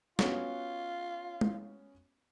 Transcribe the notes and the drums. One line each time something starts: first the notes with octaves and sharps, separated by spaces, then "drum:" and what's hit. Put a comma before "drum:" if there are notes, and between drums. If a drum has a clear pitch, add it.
B3 C#4 F4 F#4, drum: snare
drum: tom G#3